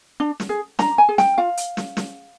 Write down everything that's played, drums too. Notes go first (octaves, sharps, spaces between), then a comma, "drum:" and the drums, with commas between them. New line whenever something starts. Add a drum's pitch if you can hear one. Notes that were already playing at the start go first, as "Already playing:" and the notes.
D4
drum: snare
G#4
D4 A#5, drum: snare
G#5
G#4
G5, drum: snare
F4 F5
drum: hi-hat
drum: snare
drum: snare